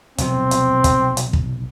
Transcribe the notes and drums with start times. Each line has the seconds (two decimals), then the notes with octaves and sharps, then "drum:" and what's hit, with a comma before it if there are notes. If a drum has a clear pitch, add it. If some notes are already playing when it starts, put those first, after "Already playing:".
0.18 B1 C3 F3 C4, drum: hi-hat
0.51 drum: hi-hat
0.84 drum: kick, hi-hat
1.17 drum: hi-hat
1.33 drum: kick